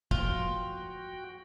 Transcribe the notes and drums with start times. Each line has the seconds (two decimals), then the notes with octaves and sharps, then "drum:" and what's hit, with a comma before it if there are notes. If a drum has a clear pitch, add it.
0.11 F3 F4 F#4 G5, drum: kick